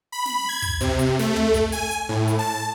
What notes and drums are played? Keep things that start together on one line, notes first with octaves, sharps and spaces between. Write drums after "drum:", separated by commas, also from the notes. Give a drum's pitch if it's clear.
B5
drum: snare
G#6
drum: kick, hi-hat
C3, drum: kick, hi-hat
drum: hi-hat
A3, drum: snare
drum: tom
drum: kick, hi-hat
G#5, drum: hi-hat
drum: hi-hat
A2
drum: hi-hat
A5